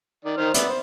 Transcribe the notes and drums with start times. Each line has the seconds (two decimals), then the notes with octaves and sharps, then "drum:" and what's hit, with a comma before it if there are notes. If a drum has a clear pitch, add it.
0.25 D#3 D5
0.37 D#3 C5 F6
0.54 B3 D5 E5, drum: hi-hat
0.69 C5